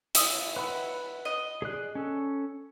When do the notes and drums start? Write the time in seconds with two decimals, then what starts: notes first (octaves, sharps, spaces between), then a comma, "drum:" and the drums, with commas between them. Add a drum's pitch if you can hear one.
0.15 E5 D#6, drum: hi-hat
0.56 B4 F#5 B5
1.25 D#5
1.62 G#4 D5 F#6
1.95 C#4 A4